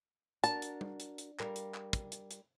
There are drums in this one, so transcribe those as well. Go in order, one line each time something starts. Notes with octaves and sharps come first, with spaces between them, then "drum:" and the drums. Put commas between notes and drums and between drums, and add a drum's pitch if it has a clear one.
D4 F#4 A#4 A5, drum: hi-hat
drum: hi-hat
drum: tom G3
drum: hi-hat
drum: hi-hat
G3 A#4 F5, drum: clap
drum: hi-hat
drum: clap
drum: kick, hi-hat
drum: hi-hat
drum: hi-hat